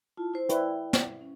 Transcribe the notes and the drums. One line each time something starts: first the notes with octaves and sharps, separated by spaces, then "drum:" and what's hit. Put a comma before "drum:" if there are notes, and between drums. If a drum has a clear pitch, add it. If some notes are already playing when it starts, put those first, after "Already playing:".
E4 F4 A5
E4 C5
E4 B4 D5 G5, drum: hi-hat
drum: snare
C#4